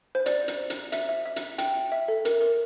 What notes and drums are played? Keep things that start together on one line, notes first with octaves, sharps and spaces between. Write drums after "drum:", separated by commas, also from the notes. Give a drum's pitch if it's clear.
C5
D5, drum: hi-hat
drum: hi-hat
drum: hi-hat
E5, drum: hi-hat
E5
E5
drum: hi-hat
G5, drum: hi-hat
E5
A4
A#4, drum: hi-hat
A#4